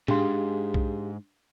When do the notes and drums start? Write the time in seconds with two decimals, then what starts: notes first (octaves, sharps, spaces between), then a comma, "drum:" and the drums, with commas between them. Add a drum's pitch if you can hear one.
0.08 G#2 D4 G4 G#4 F5 C6, drum: tom
0.74 drum: kick B1